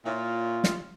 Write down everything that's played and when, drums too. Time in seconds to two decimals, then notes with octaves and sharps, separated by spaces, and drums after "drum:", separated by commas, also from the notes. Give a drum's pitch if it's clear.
0.05 A#2 E4 F4 C#5
0.64 drum: snare